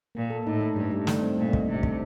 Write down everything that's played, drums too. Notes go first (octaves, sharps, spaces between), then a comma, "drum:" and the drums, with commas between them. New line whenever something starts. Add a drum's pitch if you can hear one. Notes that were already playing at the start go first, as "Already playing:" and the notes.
A#2 A#3
A4
A2 D#4
A3
G2 G3
G3
A3, drum: snare
C4
A#2 A3
D#5, drum: kick
C3 D4
A4, drum: kick